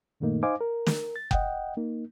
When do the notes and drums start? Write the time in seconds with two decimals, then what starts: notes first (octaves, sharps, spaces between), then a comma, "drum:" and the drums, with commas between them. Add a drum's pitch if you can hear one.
0.20 F#2 A#2 D#3 A3 A#3 D#4
0.43 D#4 C5 D#5 F5 G#5 D6
0.61 A#4
0.86 drum: snare
1.16 A6
1.31 D#5 F#5 G5, drum: kick F#1
1.77 A#3 D#4